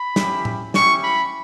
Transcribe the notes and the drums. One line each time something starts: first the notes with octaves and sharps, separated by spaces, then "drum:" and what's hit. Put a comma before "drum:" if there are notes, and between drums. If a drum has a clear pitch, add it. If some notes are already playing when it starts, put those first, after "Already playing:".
Already playing: B5
C#4 E4 G4, drum: snare
drum: tom A2
C#4 E4 G4 C#6, drum: snare
B5